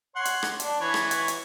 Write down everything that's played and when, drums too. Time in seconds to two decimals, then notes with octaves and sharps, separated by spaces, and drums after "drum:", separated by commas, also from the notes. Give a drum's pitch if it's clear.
0.16 C#5 F#5 C6
0.25 drum: hi-hat
0.43 drum: rim click
0.60 D4, drum: hi-hat
0.81 E3 B4 C#5
0.94 drum: rim click
1.11 drum: hi-hat
1.28 drum: hi-hat